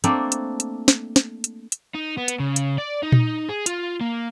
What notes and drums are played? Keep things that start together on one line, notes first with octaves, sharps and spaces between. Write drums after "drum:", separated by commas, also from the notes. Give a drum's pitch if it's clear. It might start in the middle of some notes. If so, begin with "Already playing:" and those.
A3 A#3 C4 D4, drum: hi-hat
drum: hi-hat
drum: hi-hat
drum: snare
drum: snare
drum: hi-hat
drum: hi-hat
D#4
B3
drum: hi-hat
C#3
drum: hi-hat
D5
D#4
drum: tom A#2
G#4
F4, drum: hi-hat
A#3